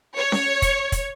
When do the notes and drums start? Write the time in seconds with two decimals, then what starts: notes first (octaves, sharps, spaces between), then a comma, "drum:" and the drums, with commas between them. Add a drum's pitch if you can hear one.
0.17 C#5
0.32 drum: snare C#4
0.62 drum: kick, hi-hat
0.92 drum: kick, hi-hat